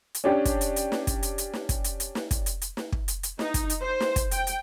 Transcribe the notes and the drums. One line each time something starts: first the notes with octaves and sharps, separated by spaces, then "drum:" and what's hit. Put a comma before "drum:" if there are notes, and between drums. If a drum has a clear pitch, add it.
drum: hi-hat
C#4 D4 G4
drum: kick, hi-hat
drum: hi-hat
drum: hi-hat
drum: snare
drum: kick, hi-hat
drum: hi-hat
drum: hi-hat
drum: snare
drum: kick, hi-hat
drum: hi-hat
drum: hi-hat
drum: snare
drum: kick, hi-hat
drum: hi-hat
drum: hi-hat
drum: snare
drum: kick
drum: hi-hat
drum: hi-hat
D#4, drum: snare
drum: kick, hi-hat
drum: hi-hat
C5
drum: snare
drum: kick, hi-hat
G5, drum: hi-hat
drum: hi-hat